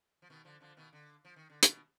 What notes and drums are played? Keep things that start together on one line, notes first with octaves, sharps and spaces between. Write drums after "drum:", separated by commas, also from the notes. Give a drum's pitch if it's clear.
F3
B2 D#3
D3 F3
D3 F3
B2 D#3
D3
F3
D#3
D3
B2 D#3, drum: hi-hat